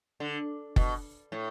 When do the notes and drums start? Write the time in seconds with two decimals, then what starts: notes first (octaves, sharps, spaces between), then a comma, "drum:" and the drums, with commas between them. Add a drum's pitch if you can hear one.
0.20 D3
0.76 B2, drum: kick F#1
1.32 A2